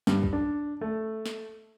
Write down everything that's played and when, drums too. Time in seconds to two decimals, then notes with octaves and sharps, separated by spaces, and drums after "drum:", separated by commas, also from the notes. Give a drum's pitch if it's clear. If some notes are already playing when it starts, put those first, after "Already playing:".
0.07 G2, drum: snare
0.23 drum: kick
0.33 D4
0.81 A3
1.26 drum: snare